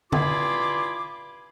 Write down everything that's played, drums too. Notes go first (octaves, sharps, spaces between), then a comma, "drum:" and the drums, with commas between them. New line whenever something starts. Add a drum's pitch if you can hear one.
G2 E4 F4 G#4 B5 D6, drum: tom D3